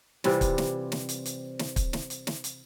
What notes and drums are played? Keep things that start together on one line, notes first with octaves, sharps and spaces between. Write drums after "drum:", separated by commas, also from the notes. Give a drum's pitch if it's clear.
C3 E3 G3 F4, drum: snare
drum: kick, hi-hat
drum: snare
drum: snare
drum: hi-hat
drum: hi-hat
drum: snare
drum: kick, hi-hat
drum: snare
drum: hi-hat
drum: snare
drum: hi-hat